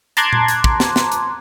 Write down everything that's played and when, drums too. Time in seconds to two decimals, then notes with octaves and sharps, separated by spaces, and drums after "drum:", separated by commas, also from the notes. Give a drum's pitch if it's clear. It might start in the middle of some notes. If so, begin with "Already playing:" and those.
0.17 A5 A#5 C6 D6 F#6 G#6, drum: hi-hat
0.33 drum: tom A#2
0.48 drum: hi-hat
0.64 drum: kick
0.80 drum: snare
0.96 drum: snare
1.12 drum: hi-hat